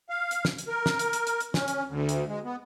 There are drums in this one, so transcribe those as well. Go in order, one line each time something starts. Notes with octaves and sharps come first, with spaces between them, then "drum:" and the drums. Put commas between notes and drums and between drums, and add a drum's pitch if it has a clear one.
F5
drum: hi-hat
drum: snare
drum: hi-hat
A#4
drum: snare
drum: hi-hat
drum: hi-hat
drum: hi-hat
drum: hi-hat
C#4, drum: snare
drum: hi-hat
D2
drum: hi-hat
G#3
B3